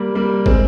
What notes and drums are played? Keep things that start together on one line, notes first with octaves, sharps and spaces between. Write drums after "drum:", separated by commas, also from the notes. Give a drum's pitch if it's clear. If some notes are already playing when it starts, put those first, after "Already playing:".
Already playing: G3 A#3
G3 A#3
G#3 C4, drum: kick